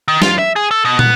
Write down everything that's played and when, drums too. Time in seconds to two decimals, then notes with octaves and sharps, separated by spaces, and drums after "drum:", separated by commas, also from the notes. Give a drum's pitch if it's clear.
0.08 D#3
0.22 F4, drum: snare
0.39 E5
0.56 G#4
0.71 A4
0.85 B2
0.99 B3, drum: tom